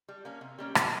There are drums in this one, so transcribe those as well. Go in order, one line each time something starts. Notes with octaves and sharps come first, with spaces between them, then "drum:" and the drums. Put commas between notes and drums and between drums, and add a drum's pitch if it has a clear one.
G3
A#3 C#4
C3
G3 A#3 C#4
C3, drum: rim click